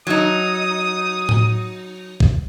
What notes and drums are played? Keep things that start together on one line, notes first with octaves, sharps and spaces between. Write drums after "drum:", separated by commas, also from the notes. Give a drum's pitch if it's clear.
F#3 D#4 D#6
drum: tom A2
drum: kick A#1